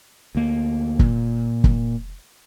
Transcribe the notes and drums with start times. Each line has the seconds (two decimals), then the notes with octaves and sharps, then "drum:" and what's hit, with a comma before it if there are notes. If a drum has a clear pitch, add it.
0.35 D2 A#3
0.99 A#2, drum: kick
1.64 drum: kick